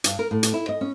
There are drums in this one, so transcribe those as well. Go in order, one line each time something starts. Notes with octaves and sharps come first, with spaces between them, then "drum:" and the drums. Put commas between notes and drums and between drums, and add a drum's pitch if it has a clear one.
G2, drum: hi-hat
A#4
A2
drum: hi-hat
E4
D#5
C#4